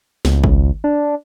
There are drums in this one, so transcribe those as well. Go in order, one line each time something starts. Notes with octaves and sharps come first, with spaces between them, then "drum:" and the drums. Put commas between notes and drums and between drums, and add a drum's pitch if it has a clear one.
C#2, drum: snare
drum: kick G#1
D4